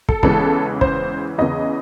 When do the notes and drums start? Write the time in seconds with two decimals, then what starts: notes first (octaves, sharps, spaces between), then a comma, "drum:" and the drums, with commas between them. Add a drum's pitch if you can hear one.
0.09 A4, drum: kick
0.23 E2 C#3 E3 G#3 A4, drum: kick
0.81 C5, drum: kick
1.38 E2 C#3 E3 D#5